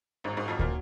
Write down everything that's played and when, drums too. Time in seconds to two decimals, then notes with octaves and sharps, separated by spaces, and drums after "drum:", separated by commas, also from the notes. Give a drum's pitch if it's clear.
0.24 G#1 G#2 D#3 F#3 C#4
0.37 G#1 G#2
0.48 F2 F3
0.59 A#2 A#3, drum: kick